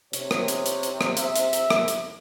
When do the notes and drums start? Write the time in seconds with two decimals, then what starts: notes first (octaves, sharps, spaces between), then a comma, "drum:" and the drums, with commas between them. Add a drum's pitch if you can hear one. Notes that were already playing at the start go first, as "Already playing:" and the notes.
0.13 C3 C#5, drum: hi-hat
0.31 drum: rim click
0.48 drum: hi-hat
0.66 drum: hi-hat
0.83 drum: hi-hat
1.01 drum: rim click
1.17 E5, drum: hi-hat
1.36 drum: hi-hat
1.53 drum: hi-hat
1.70 drum: rim click
1.88 drum: hi-hat